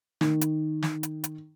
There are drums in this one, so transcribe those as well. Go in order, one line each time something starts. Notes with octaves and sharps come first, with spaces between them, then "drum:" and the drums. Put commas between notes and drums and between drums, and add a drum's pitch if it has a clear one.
D#3, drum: snare
drum: hi-hat
drum: snare
drum: hi-hat
drum: hi-hat